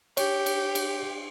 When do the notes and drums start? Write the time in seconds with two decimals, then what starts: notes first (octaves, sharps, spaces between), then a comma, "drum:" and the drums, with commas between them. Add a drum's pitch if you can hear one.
0.17 G4 C#5, drum: cymbal
0.46 drum: cymbal
0.75 drum: cymbal